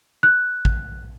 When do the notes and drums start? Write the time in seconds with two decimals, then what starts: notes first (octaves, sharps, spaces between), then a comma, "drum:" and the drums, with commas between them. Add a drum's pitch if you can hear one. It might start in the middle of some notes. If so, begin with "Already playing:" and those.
0.23 F#6
0.65 drum: kick